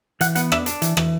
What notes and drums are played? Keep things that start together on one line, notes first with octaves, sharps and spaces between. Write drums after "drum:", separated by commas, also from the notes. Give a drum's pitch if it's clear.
E3 F#5, drum: hi-hat
B3 F#5, drum: hi-hat
D4 E5, drum: rim click
D4, drum: hi-hat
E3, drum: hi-hat
E3, drum: rim click